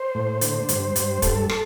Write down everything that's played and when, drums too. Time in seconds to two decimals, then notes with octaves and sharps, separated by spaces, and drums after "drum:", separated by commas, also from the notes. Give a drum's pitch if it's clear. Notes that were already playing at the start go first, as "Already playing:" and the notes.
Already playing: C5
0.15 A2
0.41 D3, drum: hi-hat
0.69 G2, drum: hi-hat
0.96 G2, drum: hi-hat
1.22 G2 A4, drum: kick, hi-hat
1.49 A4, drum: rim click